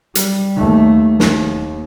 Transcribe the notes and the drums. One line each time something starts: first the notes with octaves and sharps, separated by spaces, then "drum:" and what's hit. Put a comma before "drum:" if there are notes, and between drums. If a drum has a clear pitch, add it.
G3, drum: hi-hat
D#2 A3
D#2, drum: snare